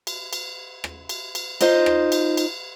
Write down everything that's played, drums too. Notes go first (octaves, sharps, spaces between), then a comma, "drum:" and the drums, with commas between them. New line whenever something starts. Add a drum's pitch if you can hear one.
drum: cymbal
drum: cymbal
drum: rim click
drum: cymbal
drum: cymbal
D#4 F4 C5 D#5, drum: cymbal
drum: rim click
drum: cymbal
drum: cymbal